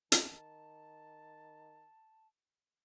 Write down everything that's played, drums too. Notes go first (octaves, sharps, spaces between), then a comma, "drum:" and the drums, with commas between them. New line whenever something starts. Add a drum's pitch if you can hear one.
D#3 A5, drum: hi-hat